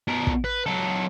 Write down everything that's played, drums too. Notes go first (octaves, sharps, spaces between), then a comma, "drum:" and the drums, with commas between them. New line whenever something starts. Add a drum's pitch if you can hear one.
B2 A#4
drum: kick
B4
F#3 A4